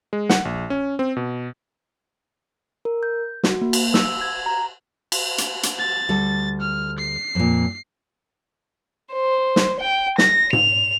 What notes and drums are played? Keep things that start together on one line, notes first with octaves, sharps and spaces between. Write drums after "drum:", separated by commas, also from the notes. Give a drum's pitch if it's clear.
G#3
F#5, drum: snare
A#1
C#4
C4
B2
A#4
G6
F#4, drum: snare
A#3
drum: cymbal
E6, drum: snare
G#6
A#5
drum: cymbal
drum: hi-hat
drum: hi-hat
A6
D2 G3 A4
F6
C7
F2 A#2
C5
drum: snare
G5
A#6, drum: snare
F7, drum: tom G#2